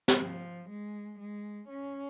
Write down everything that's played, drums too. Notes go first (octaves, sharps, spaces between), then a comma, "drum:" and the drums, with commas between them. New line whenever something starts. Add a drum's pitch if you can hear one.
drum: snare
F3
G#3
G#3
C#4